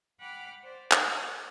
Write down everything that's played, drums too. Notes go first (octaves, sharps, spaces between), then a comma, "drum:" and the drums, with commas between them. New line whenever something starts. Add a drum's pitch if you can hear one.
F#5 G5 B5 D6 F6 F#6
C5 D5
F#5, drum: clap